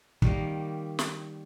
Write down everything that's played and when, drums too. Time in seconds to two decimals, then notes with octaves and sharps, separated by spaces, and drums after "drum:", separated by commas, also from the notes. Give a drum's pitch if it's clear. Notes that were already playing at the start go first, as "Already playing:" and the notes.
0.22 D#3 G3 A#3, drum: kick
0.99 drum: snare